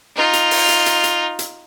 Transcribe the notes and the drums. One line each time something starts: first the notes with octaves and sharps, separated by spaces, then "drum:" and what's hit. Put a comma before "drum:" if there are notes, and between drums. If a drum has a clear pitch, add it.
D#4 F4
drum: hi-hat
drum: open hi-hat
drum: hi-hat
drum: hi-hat
drum: hi-hat
drum: hi-hat